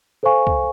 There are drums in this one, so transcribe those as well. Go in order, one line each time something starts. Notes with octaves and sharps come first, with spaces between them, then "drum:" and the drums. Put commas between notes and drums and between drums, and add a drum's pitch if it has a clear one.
A4 C5 F5 G#5 C#6
drum: kick C2